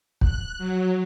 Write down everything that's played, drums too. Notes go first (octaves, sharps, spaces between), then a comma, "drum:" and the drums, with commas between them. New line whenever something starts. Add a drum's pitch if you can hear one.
F#6, drum: kick
F#3